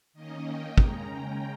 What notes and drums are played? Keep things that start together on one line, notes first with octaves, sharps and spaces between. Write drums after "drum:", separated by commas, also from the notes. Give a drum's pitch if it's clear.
D#3 A#3 C#4 D#5
G5
C#3 G#3 C#4 A#5, drum: kick
G5